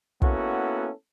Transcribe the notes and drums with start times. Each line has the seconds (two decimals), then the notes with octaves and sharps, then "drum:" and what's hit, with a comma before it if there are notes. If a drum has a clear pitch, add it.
0.22 A#3 B3 C#4 E4 F#4 A4, drum: kick